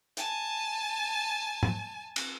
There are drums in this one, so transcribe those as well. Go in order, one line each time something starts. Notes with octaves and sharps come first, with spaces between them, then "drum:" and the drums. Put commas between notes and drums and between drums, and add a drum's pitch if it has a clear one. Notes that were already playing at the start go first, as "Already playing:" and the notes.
G#5 A5, drum: hi-hat
drum: tom G#2
drum: cymbal